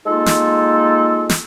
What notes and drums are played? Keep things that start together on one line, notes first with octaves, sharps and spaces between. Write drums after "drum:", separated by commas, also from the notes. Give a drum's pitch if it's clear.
G#3 A#3 D#4 F4 A4
drum: snare
drum: snare